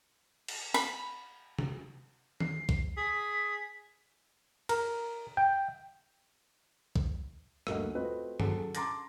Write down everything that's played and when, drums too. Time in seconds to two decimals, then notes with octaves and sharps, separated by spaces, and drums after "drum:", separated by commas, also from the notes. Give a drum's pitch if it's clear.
0.48 drum: cymbal
0.74 B5, drum: open hi-hat
1.59 drum: tom C3
2.40 C7, drum: tom D#3
2.69 drum: kick
2.97 G#4 B6
4.69 A#4, drum: cymbal
5.37 G5
6.96 drum: kick
7.67 G1 D2 A3 A#3 D#5 F#5, drum: rim click
7.95 A3 C4 F4 F#4 B4 D#5
8.40 F#3 C#4 G#4 A4 F#5, drum: tom G2
8.75 A5 A#5 C6 D6 A6 A#6, drum: hi-hat